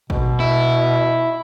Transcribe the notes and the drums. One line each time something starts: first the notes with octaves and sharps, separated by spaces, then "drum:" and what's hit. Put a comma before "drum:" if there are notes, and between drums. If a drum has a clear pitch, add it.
B2, drum: kick A1
E4